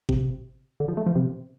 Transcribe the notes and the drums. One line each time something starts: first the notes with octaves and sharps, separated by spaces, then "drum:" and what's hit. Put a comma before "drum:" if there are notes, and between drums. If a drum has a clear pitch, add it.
C3, drum: kick G1
D3
F3
A3
F3
C3